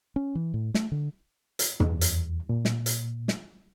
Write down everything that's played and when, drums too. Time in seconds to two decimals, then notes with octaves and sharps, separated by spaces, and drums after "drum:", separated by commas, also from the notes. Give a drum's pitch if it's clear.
0.16 C#4
0.35 E3
0.54 A2
0.74 A3, drum: snare
0.92 D3
1.59 drum: hi-hat
1.80 E2, drum: tom
2.01 drum: hi-hat
2.49 A#2
2.65 drum: snare
2.86 drum: hi-hat
3.28 drum: snare